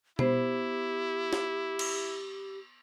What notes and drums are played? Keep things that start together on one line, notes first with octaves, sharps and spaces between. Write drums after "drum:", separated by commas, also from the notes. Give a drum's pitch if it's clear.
B3 E4 G4 C5, drum: tom B2
drum: snare
drum: cymbal